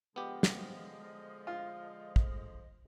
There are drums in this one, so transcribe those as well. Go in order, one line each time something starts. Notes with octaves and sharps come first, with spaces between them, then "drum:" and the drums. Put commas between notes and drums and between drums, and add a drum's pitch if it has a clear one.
D3 F3 G#3 B3 G4 D#5
drum: snare
F4
drum: kick